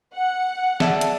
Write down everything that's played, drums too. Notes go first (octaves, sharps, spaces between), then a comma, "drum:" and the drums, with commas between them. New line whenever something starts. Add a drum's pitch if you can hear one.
F#5
G#4 D5 E5 A5, drum: snare
drum: hi-hat